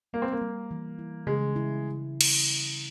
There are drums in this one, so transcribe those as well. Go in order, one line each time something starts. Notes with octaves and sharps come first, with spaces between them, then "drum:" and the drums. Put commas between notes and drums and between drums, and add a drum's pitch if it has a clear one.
G3 A#3
C4
A#3
G3
E3
E4
C#3 G#3
E4
drum: cymbal